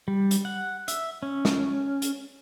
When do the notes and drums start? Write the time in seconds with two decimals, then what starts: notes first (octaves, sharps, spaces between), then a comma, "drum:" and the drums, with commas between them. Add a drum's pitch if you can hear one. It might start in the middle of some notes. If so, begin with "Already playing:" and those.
0.08 G3
0.31 drum: hi-hat
0.45 F#5
0.88 E5, drum: hi-hat
1.23 C#4
1.45 drum: snare
2.02 drum: hi-hat